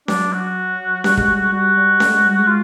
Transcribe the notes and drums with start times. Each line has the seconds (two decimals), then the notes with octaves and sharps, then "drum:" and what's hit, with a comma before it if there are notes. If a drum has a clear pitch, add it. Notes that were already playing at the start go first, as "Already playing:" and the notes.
0.08 F#3 D4, drum: snare C#4
0.33 F#4
1.04 G3, drum: snare C#4
1.17 G#3, drum: kick
1.31 G3
1.52 G3 F#4
1.76 G3
2.00 A3, drum: snare C#4
2.13 G#3
2.26 G3
2.39 G#3
2.48 F4